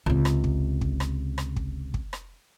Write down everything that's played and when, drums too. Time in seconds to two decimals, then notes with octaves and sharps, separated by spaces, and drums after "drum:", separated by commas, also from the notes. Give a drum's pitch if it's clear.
0.06 C#2 C3
0.25 drum: rim click
0.44 drum: kick
0.81 drum: kick
1.00 drum: rim click
1.38 drum: rim click
1.56 drum: kick
1.94 drum: kick
2.13 drum: rim click